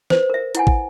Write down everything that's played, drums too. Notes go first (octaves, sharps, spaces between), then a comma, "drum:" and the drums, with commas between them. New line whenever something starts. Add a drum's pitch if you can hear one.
B4 C5, drum: snare
A#4 E5
E4 F#5 G#5, drum: hi-hat
drum: kick